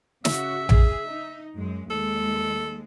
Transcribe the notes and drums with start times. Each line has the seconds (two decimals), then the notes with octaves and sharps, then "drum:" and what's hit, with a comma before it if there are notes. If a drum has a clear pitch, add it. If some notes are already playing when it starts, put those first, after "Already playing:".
0.25 C#3 F#4 E5, drum: snare
0.69 G#4, drum: tom A#1
1.07 D#4
1.56 F#2 G#3
1.90 D#2 G#3 A4